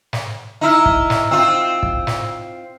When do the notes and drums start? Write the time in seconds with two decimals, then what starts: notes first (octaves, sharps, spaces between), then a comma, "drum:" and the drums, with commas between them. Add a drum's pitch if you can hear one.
0.13 drum: snare
0.61 D#4 E4 A#5 E6 F6
0.86 drum: kick
1.10 drum: snare
1.31 C4 F4 E6
1.83 drum: kick
2.07 drum: snare